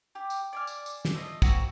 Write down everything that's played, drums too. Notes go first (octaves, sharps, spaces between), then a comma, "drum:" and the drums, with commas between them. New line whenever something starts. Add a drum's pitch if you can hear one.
G4
drum: tambourine
D5 G#5 F6
drum: tambourine
drum: tambourine
drum: snare
A3 F4 A#4 D#5
A#3 C4 F#4 A#5, drum: kick, tambourine